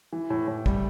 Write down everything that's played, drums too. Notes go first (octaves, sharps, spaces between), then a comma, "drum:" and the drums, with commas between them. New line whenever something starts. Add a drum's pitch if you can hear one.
E3
A2
A2
G3, drum: kick